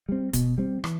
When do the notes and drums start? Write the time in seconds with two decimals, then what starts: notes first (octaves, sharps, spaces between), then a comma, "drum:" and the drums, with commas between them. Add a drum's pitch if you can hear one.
0.09 G3 C4
0.33 B2, drum: kick, hi-hat
0.58 G3 C4
0.84 E3, drum: rim click